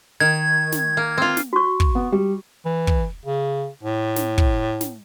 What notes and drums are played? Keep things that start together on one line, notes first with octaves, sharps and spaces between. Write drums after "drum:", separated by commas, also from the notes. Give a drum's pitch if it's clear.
D#3 G#6
drum: snare
A#3
C4 F4
drum: snare
F#4 C#6
drum: kick
B3
G3
E3
drum: kick
C#3
A2
drum: snare
drum: kick
drum: snare